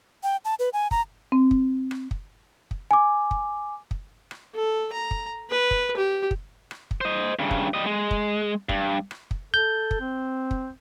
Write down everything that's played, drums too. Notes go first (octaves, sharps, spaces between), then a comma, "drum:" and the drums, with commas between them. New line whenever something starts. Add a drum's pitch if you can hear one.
G5
A5
B4
G#5
A#5, drum: kick
C4
drum: kick
drum: rim click
drum: kick
drum: kick
G#5 D6
drum: kick
drum: kick
drum: rim click
A4
A#5
drum: kick
B4
drum: kick
G4
drum: kick
drum: rim click
drum: kick
C5 D#5
G2 C#3
drum: kick
G3 D#5
G#3
drum: kick
G2, drum: kick
drum: rim click
drum: kick
A4 G6
drum: kick
C4
drum: kick